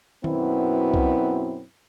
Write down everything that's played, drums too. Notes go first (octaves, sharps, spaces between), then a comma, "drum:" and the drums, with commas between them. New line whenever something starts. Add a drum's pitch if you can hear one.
F#2 B2 B3 C4 E4, drum: tom D#3
drum: kick